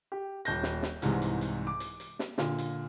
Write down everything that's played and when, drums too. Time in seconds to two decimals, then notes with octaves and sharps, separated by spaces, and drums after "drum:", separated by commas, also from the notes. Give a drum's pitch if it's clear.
0.12 G4
0.45 D#1 G6 A#6, drum: hi-hat
0.63 drum: snare
0.83 drum: snare
1.02 C2 G#2 C3 E3, drum: hi-hat
1.22 drum: hi-hat
1.41 drum: hi-hat
1.67 D6
1.80 drum: hi-hat
2.00 drum: hi-hat
2.19 drum: snare
2.38 A#2 D3, drum: snare
2.58 drum: hi-hat